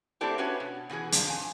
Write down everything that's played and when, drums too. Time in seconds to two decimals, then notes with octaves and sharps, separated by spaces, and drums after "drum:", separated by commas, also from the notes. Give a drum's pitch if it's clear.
0.21 A3 B3 C4 D4 E4 G4
0.38 C#4 F#4 B4 C#5
0.60 B2
0.90 B2 E3 F#4 G#4
1.12 F3 D4 D#4, drum: hi-hat
1.27 F2 G#5